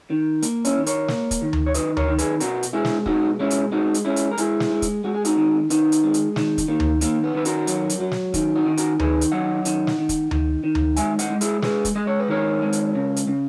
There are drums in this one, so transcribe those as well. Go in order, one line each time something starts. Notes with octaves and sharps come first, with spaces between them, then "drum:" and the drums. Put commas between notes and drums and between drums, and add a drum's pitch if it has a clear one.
D#3
A#3, drum: hi-hat
C#4 E4, drum: hi-hat
D#3
A#4 C#5, drum: hi-hat
A#3, drum: snare
drum: kick, hi-hat
D#3
drum: tom D2
C#5
D#3 B4 D#5, drum: hi-hat
A#4 C#5, drum: tom D2
D#3
G#4 B4, drum: hi-hat
B2 F#4 A#4, drum: hi-hat
drum: hi-hat
G#3 E4 G#4
drum: snare
B2 D#4 F#4, drum: kick
G#3 C#4 E4
drum: hi-hat
G#3 D#4 F#4
drum: hi-hat
G#3 C#4 E4
drum: hi-hat
A#4
G#3 E4 G#4, drum: hi-hat
drum: snare
G#3
drum: kick, hi-hat
G#3 F#4
G#4
D#4 F#4, drum: hi-hat
D#3
D#3 B3 D#4, drum: hi-hat
drum: hi-hat
G#3
drum: hi-hat
D#3, drum: snare
drum: kick, hi-hat
D#3 A#3
drum: tom D2
D#3 A#3, drum: hi-hat
B3
D#3 B4
F#4 A#4, drum: hi-hat
F#3, drum: hi-hat
drum: hi-hat
F#3
drum: snare
D#3, drum: kick, hi-hat
D#4 F#4
D#3
F#4 A#4, drum: hi-hat
D#3 G#4 B4, drum: tom D2
drum: hi-hat
F#3 D#5 F#5
D#3, drum: hi-hat
drum: snare
D#3
drum: kick, hi-hat
D#3, drum: tom D2
D#3
drum: tom D2
G#3 E5 G#5, drum: hi-hat
D#5 F#5, drum: hi-hat
G#3
E4 G#4, drum: hi-hat
G#3 G#4 B4, drum: snare
drum: kick, hi-hat
G#3 D#5
C#5
B4
D#3 A#4 C#5
G#3
drum: hi-hat
C#3
drum: hi-hat
C#3